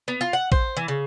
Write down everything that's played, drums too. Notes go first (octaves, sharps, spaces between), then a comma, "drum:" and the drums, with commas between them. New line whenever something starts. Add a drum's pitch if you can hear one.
B3
F4
F#5
C5, drum: kick A1
E3
C#3